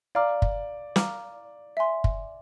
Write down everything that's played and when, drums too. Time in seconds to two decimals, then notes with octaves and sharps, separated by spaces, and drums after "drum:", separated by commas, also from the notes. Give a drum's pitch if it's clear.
0.15 D5 F5 A#5 D6 F6
0.42 drum: kick F#1
0.96 F5 A#5 D6 F6, drum: snare
1.77 E5 G#5 C6
2.04 drum: kick F#1